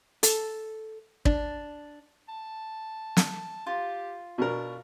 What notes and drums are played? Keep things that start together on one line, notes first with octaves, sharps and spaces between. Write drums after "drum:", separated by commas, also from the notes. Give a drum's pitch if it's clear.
A4, drum: hi-hat
D4, drum: kick
A5
drum: snare
F4 G4
B2 D4 A#4 C#6